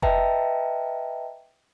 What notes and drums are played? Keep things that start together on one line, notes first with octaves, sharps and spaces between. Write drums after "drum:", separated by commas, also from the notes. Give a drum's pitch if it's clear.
B4 D#5 E5 G5 A5 A#5, drum: kick F1